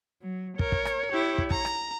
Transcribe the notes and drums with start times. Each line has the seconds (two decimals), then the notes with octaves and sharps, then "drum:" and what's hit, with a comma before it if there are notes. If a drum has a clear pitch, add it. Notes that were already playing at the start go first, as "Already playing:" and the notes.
0.22 F#3
0.59 A#4 C#5, drum: kick
0.72 drum: kick
0.85 drum: rim click
1.12 E4 G4
1.38 drum: kick
1.50 A#5, drum: kick
1.65 drum: rim click